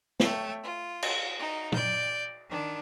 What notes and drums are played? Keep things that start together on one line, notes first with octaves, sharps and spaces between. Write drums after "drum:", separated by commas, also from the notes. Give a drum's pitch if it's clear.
A3 C#5 G5, drum: snare
F4
drum: cymbal
D#4
D5 G6, drum: tom
D#3 D4